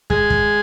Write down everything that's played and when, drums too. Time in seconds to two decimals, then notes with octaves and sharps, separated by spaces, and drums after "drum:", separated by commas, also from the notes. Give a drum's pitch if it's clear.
0.10 G#3 G#4, drum: kick
0.30 drum: kick